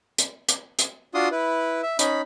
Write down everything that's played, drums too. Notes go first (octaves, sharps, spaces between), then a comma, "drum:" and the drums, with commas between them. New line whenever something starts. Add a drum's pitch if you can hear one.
drum: hi-hat
drum: hi-hat
drum: hi-hat
D4 F4 F#4 C6 D#6
E4 B4
E5
C#4 D#4 B5, drum: hi-hat